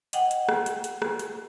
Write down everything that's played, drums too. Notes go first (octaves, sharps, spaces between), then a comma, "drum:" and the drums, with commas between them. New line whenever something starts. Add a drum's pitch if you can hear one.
D#5 F#5 G5, drum: hi-hat
drum: hi-hat
drum: rim click
drum: hi-hat
drum: hi-hat
drum: rim click
drum: hi-hat